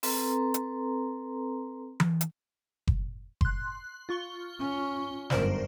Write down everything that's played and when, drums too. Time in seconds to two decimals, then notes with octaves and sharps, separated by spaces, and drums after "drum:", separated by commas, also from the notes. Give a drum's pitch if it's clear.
0.03 C4 A4 B4 A#5 C6, drum: open hi-hat
0.54 drum: hi-hat
2.00 drum: tom E3
2.21 drum: hi-hat
2.87 drum: kick F#1
3.41 C6 F#6, drum: kick F#1
4.09 F4 C#6 G7
4.59 C#4
5.30 G1 F#2 A#4 C5 D5, drum: snare